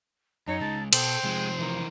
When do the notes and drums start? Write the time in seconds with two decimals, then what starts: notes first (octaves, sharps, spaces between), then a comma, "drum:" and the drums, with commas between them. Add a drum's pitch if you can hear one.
0.48 F#2 D#4 C#5
0.61 C#3 G#3 A5
0.93 B2 A4 C5 G5, drum: cymbal
1.24 C3 F3 G#3
1.59 E3 A#4